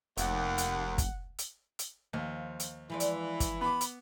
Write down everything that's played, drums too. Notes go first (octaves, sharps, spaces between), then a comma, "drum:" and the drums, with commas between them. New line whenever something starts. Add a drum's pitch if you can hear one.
F1 D#2 F#5, drum: hi-hat
drum: hi-hat
drum: kick, hi-hat
drum: hi-hat
drum: hi-hat
D#2 F3
drum: hi-hat
E3 F3 G#3 D5
drum: hi-hat
drum: kick, hi-hat
B3 B5 D6
drum: hi-hat